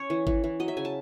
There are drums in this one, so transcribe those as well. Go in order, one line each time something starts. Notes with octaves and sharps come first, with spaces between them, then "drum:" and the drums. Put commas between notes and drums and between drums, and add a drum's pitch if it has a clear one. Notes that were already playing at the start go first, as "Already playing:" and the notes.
Already playing: C#4 C#5
E3
E3, drum: kick G#1
E3
F#3 D#5
E5
C#3 G#5
A5